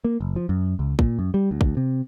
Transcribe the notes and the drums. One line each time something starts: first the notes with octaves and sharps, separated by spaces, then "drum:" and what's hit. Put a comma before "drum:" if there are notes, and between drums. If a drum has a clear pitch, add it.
A#3
F#1
F3
F#2
C#2
A#2, drum: kick
F#2
G3
D2
drum: kick
C3